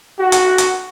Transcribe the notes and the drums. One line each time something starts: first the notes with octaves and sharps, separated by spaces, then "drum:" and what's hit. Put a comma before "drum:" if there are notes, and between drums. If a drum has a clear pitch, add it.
F#4
drum: hi-hat
drum: hi-hat